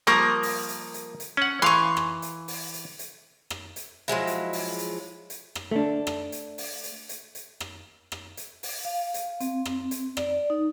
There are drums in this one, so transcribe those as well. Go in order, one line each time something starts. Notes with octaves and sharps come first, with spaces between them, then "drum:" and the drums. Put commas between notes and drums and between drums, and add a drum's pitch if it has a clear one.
F3 G3 A#3 A#4 C#6 D#6
drum: open hi-hat
drum: hi-hat
drum: hi-hat
drum: hi-hat
C#4 F#5
E3 F5 G#5 C6 C#6
drum: rim click
drum: hi-hat
drum: open hi-hat
drum: hi-hat
drum: hi-hat
drum: rim click
drum: hi-hat
F3 F#3 G#3 E4
drum: hi-hat
drum: open hi-hat
drum: hi-hat
drum: hi-hat
drum: rim click
A3 D4
drum: rim click
drum: hi-hat
drum: open hi-hat
drum: hi-hat
drum: hi-hat
drum: hi-hat
drum: rim click
drum: rim click
drum: hi-hat
drum: open hi-hat
F5
drum: hi-hat
C4, drum: hi-hat
drum: rim click
drum: hi-hat
D5, drum: rim click
D#4